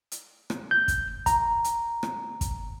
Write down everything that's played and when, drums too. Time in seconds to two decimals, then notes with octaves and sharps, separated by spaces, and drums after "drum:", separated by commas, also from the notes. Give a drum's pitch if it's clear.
0.12 drum: hi-hat
0.50 drum: rim click
0.71 G6
0.88 drum: kick, hi-hat
1.26 A#5, drum: kick, hi-hat
1.64 drum: hi-hat
2.03 drum: rim click
2.41 drum: kick, hi-hat